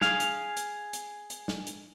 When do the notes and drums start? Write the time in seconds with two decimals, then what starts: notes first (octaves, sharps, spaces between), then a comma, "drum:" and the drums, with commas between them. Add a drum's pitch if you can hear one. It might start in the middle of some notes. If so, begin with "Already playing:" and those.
0.01 G#4 F5, drum: snare
0.20 drum: hi-hat
0.56 drum: hi-hat
0.93 drum: hi-hat
1.30 drum: hi-hat
1.48 drum: snare
1.67 drum: hi-hat